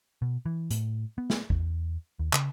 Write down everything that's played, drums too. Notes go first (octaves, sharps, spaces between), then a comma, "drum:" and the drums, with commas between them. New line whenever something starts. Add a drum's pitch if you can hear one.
B2
E3
A2, drum: hi-hat
B3
drum: snare
E2, drum: kick A1
D#2
C#3, drum: clap